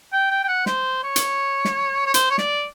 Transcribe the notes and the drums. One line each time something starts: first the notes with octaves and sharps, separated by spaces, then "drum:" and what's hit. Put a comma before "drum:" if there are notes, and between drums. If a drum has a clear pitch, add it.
G5
G5
G5
F#5
C5, drum: snare
C#5
drum: hi-hat
drum: snare
C#5
C5, drum: hi-hat
C#5
D5, drum: snare